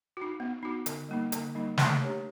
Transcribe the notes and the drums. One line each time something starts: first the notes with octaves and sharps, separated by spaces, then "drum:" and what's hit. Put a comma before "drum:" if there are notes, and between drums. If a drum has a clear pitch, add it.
D#4 F#4
B3
D#4 F#4
D3, drum: hi-hat
G3 A#3 D#4
D3, drum: hi-hat
G3 A#3 D#4
A3, drum: snare
D4 G4 A#4 C#5